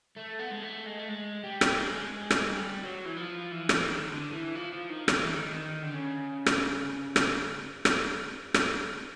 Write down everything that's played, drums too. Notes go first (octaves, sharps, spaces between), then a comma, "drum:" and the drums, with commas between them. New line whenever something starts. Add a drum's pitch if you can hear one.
A3
B3
G#3
A3
G#3
A3
G#3
G3
drum: rim click
G#3
drum: rim click
G3
F#3
E3
F3
E3
drum: rim click
E3
D#3
D3
E3
F3
F3
D#3
D#3, drum: rim click
E3
D#3
D3
C#3
drum: rim click
drum: rim click
drum: rim click
drum: rim click